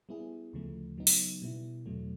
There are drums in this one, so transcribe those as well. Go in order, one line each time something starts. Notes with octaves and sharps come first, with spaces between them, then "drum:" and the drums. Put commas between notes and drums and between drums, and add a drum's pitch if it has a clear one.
G3 B3 E4 G#4
D2 C#3 F3 A3
C#3 F#3 B3 D#4
drum: open hi-hat
B2 G3 B3 E4
E2 B2 F#3 A3